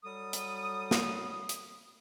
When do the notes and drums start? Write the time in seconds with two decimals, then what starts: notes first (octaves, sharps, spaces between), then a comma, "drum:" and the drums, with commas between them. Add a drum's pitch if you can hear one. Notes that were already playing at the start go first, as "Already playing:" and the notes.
0.04 F#3 G3 A4 D#6
0.33 drum: hi-hat
0.91 drum: snare
1.49 drum: hi-hat